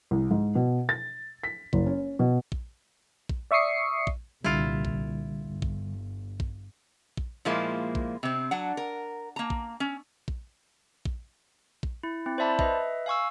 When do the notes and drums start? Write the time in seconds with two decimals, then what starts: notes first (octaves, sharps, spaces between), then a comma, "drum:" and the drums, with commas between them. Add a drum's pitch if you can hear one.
0.11 C2
0.31 G#2
0.55 B2
0.89 A6
1.43 B6
1.73 F#1, drum: kick A#1
1.86 C#4
2.19 B2
2.52 drum: kick A#1
3.29 drum: kick A#1
3.51 D5 E5 C#6 D#6 C7 C#7
4.07 drum: kick A#1
4.44 C2 A#2 D3 G3 E4 F4
4.85 drum: kick A#1
5.43 G1
5.62 drum: kick A#1
6.40 drum: kick A#1
7.17 drum: kick A#1
7.45 A#2 F3 G#3 A#3 E4
7.95 drum: kick A#1
8.23 C3 C4
8.51 F#3 D4 F#5
8.77 A#4
9.36 A#3 A#5
9.50 drum: kick A#1
9.80 C#4
10.28 drum: kick A#1
11.05 drum: kick A#1
11.83 drum: kick A#1
12.03 E4
12.26 C4 E4
12.38 C5 D5 E5 A5 B5
12.59 B4 D#5 E5, drum: kick A#1
13.06 F5 G#5 C#6 E6